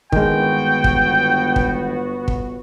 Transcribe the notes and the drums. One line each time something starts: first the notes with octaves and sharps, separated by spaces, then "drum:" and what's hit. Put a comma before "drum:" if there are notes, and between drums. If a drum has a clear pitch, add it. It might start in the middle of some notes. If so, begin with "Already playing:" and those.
G1 D#3 G#3 B3 F#4 G5, drum: kick
drum: kick
drum: kick
drum: kick